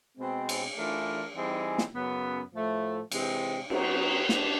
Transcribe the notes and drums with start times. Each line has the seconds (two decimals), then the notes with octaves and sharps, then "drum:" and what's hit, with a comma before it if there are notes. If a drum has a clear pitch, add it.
0.17 B2 G#3 C4
0.49 drum: cymbal
0.76 E3 A3 D4 F4 A#4
1.34 E3 G3 C4 D#4 G#4
1.78 drum: snare
1.93 F#2 C#3 F#3 B3
2.52 A2 F3 A3
3.11 C3 E3 G#3 C4, drum: cymbal
3.70 F#3 B3 D#4 F#4, drum: cymbal
4.29 D4, drum: snare